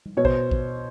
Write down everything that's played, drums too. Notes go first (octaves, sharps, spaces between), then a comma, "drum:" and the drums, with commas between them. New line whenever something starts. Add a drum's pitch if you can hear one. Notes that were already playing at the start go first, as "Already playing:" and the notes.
drum: tom G3
B2 C#5
C5, drum: kick A1
drum: kick A1